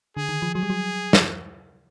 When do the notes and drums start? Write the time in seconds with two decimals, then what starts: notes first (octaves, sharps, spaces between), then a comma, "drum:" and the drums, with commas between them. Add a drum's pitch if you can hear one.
0.17 D3 G#4
0.29 D#3
0.42 F3
0.54 F#3 G#4
0.63 G3
0.70 F#3
1.13 drum: snare